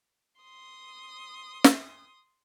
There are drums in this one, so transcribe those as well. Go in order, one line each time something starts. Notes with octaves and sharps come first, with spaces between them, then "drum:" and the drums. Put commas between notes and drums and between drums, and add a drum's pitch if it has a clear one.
C6 D#6
drum: snare